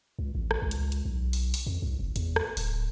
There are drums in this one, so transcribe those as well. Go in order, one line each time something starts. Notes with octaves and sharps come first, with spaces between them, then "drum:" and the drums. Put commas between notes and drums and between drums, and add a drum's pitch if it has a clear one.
C#2
A1
drum: rim click
C#2
drum: hi-hat
drum: hi-hat
B1
drum: open hi-hat
drum: open hi-hat
F2
C2
F#1
E2, drum: hi-hat
drum: rim click
D1, drum: open hi-hat